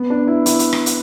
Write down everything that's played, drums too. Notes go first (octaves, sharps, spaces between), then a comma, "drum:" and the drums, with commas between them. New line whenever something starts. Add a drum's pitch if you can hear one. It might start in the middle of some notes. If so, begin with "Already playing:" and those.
Already playing: B3
D4
E4
E4, drum: hi-hat
drum: hi-hat
drum: rim click
drum: hi-hat